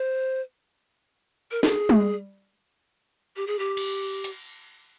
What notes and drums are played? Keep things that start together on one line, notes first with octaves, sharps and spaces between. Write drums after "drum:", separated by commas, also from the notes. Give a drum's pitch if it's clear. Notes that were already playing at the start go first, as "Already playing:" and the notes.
Already playing: C5
A#4
G#4, drum: snare
drum: tom G3
G4
G#4
G4
drum: cymbal
drum: hi-hat